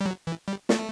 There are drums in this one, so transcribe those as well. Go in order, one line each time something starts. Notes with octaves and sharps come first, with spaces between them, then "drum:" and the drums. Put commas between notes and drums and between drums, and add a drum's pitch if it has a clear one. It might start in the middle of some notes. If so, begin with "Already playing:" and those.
G3
F#3
E3
G3
A3, drum: snare